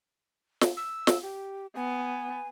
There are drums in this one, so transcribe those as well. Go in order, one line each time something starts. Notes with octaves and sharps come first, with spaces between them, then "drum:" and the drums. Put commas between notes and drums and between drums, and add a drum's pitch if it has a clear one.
drum: snare
E6
drum: snare
G4
B3 G#5